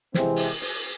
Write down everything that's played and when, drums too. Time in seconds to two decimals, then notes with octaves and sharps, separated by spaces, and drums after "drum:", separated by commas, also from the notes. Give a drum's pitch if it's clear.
0.14 C3 E3 G#3 C4, drum: snare
0.36 drum: open hi-hat
0.62 drum: open hi-hat